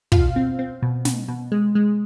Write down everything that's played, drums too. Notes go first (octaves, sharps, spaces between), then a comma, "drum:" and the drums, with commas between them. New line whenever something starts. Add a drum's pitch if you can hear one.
B2 F4 F5, drum: kick
C4
C4
B2
B2, drum: snare
B2
G#3
G#3